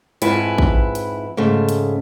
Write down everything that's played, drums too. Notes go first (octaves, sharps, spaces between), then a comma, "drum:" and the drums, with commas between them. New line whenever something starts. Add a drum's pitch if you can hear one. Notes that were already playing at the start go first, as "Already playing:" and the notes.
F2 G#2 E4 B4 G#5, drum: hi-hat
drum: kick A1
drum: hi-hat
G#2 C#3 A3
drum: hi-hat